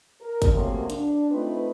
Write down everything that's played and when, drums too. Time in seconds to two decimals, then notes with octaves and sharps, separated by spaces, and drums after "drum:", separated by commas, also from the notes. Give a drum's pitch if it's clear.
0.21 A#4
0.42 drum: kick, hi-hat
0.53 F#2 C3 F3 F#3 A3 A#3
0.90 D4, drum: hi-hat
1.31 A3 C4 D#4 F4 B4